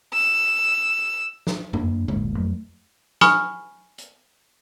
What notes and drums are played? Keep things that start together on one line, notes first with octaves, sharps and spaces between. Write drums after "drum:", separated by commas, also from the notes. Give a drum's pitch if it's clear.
E6
drum: snare
F#2 A#3 D4, drum: tom F2
D1 G1 A#2 G#3, drum: tom A#2
F2 F#3 A3
G#5 B5 C#6 D#6 F6, drum: snare
drum: hi-hat